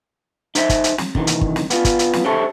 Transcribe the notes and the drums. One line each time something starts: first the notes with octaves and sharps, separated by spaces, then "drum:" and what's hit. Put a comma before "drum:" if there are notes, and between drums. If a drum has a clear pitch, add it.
D#4 C5 E5, drum: hi-hat
drum: kick, hi-hat
drum: hi-hat
drum: snare
C3 D#3 E3, drum: kick
drum: hi-hat
drum: kick
drum: snare
B3 F4, drum: hi-hat
drum: kick, hi-hat
drum: hi-hat
drum: snare
G4 A4 C5 C#5 E5 A5